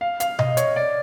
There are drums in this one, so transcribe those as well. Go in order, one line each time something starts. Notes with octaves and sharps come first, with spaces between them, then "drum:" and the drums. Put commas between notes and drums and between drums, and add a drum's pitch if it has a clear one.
F5
F5, drum: hi-hat
D#5, drum: tom B2
C#5, drum: hi-hat
D5